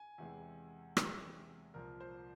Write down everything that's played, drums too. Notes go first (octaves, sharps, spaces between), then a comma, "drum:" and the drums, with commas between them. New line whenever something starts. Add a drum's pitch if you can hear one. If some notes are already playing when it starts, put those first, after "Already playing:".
Already playing: G#5
E2 C3 E3 G#3
E2 C3 E3 G#3, drum: rim click
C2 A#2 F3 A#4
C5